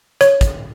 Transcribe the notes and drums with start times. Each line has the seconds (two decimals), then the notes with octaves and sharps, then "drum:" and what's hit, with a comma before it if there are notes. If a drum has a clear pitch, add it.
0.21 C#5, drum: hi-hat
0.41 drum: kick, hi-hat